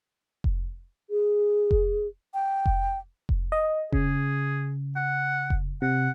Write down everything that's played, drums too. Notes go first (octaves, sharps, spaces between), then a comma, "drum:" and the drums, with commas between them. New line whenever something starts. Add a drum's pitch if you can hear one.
drum: kick F1
G#4
drum: kick F1
G5
drum: kick F1
drum: kick F1
D#5
C#3 G#4, drum: kick F1
F#5
drum: kick F1
C3 F#5